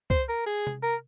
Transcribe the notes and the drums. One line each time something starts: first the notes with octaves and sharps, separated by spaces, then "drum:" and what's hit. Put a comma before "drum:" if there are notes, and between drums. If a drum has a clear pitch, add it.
C5, drum: kick C2
A#4
G#4
drum: tom C3
A#4